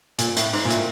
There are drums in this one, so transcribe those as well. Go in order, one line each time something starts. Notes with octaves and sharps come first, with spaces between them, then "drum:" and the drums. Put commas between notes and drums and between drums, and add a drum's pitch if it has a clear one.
A#2, drum: hi-hat
A2, drum: hi-hat
G#2, drum: open hi-hat
A#2
A2, drum: hi-hat